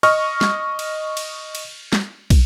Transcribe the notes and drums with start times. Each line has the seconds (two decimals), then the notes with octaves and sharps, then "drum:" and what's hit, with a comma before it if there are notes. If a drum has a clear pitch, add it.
0.03 D#5 C#6 F6, drum: cymbal
0.41 drum: snare
0.79 drum: cymbal
1.17 drum: cymbal
1.55 drum: cymbal
1.93 drum: snare
2.30 drum: kick, cymbal